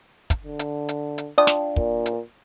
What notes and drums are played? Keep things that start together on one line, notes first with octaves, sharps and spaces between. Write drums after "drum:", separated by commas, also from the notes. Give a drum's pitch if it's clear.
drum: kick, hi-hat
D3
drum: hi-hat
drum: hi-hat
drum: hi-hat
D4 F4 D5 G5 D#6
drum: snare
A#2, drum: kick
drum: hi-hat